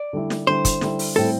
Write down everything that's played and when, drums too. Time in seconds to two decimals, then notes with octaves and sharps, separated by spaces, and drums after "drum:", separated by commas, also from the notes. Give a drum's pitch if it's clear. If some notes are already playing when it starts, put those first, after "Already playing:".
Already playing: D5
0.13 D3 G3 E4
0.30 drum: snare
0.47 D3 G3 E4 C5
0.65 drum: kick, hi-hat
0.81 D3 G3 E4, drum: snare
0.99 drum: open hi-hat
1.16 A2 G3 C4 E4 A4